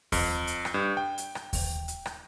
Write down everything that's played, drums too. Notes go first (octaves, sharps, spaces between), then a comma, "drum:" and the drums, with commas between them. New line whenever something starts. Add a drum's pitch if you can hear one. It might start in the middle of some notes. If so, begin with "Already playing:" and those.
F2, drum: kick D#2, open hi-hat
drum: hi-hat
drum: rim click
G2
G5
drum: hi-hat
drum: rim click
drum: kick D#2, open hi-hat
drum: hi-hat
drum: rim click